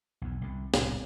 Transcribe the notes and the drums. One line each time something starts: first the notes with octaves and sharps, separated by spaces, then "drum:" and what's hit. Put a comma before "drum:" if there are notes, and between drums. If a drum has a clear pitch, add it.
B1 E2
C2 D3
D1 C2, drum: snare